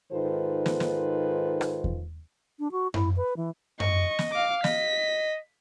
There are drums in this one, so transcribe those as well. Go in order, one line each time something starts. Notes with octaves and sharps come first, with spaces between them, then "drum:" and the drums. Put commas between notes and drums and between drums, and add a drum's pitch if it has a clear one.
G#2 D#3 F4 A4 B4 C5
drum: snare
drum: snare
drum: rim click
drum: kick E2
D4
F#4
E4, drum: tom F#2
B4
E3
D#5 C#6, drum: tom F#2
drum: snare
F5 D6
D#5 B6, drum: snare